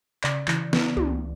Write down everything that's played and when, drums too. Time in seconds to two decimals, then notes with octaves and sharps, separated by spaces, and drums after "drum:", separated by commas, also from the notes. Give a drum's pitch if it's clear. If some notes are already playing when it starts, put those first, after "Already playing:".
0.24 C#3 D5, drum: clap
0.48 E3, drum: clap
0.73 B3, drum: snare
0.97 C#2, drum: tom